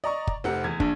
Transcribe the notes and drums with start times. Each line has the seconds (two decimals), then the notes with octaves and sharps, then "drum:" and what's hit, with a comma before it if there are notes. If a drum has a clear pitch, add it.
0.04 D5 D#5 A#5 C#6
0.27 drum: kick
0.44 F1 C3 C4 F#5
0.64 E2 G#6
0.80 A#1 D4, drum: kick